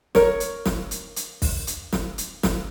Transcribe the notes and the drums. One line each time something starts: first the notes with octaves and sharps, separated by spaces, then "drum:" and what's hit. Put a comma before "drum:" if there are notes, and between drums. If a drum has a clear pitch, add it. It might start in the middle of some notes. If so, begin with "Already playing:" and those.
A#4 C#5, drum: snare
drum: hi-hat
drum: snare
drum: hi-hat
drum: hi-hat
drum: kick, open hi-hat
drum: hi-hat
drum: snare
drum: hi-hat
drum: snare